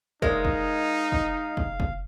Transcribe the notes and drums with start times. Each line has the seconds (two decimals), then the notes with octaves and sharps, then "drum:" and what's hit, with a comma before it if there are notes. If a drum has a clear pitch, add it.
0.22 G#3 D#4 A#4 C5 D5 F5, drum: kick
0.45 drum: kick
1.12 drum: kick
1.57 drum: kick
1.80 drum: kick